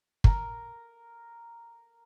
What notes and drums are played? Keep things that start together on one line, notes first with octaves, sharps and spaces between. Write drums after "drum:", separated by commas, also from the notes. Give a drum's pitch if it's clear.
A#4 A#5, drum: kick